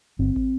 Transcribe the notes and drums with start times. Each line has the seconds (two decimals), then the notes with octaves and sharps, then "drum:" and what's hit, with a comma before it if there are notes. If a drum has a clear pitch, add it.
0.19 G1 C4
0.36 drum: kick